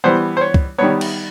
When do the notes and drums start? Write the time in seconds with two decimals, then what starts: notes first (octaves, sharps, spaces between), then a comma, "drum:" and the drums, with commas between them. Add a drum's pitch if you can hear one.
0.04 E3 G3 B3 C5
0.37 C5
0.41 C#5
0.54 drum: kick
0.78 D#3 G3 B3 C#5
1.01 drum: cymbal